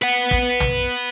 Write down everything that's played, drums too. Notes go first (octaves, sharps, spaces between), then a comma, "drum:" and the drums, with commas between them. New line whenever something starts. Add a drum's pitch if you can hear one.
B4 F#5
drum: kick, hi-hat
drum: tom